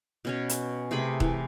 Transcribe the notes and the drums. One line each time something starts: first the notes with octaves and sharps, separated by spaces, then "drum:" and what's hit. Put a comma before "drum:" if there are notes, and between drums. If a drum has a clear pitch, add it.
B2 C#4 C#5
drum: hi-hat
C3 A3 G#4 B5
E3, drum: kick